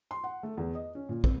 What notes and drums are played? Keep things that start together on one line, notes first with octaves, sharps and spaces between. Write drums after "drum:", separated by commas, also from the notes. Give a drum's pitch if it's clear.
C6
F#5
A3
E2
D#5
C#4
A#2
C4, drum: kick